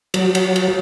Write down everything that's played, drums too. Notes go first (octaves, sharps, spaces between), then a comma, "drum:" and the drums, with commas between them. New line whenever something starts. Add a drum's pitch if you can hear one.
F#3, drum: cymbal
drum: cymbal
drum: cymbal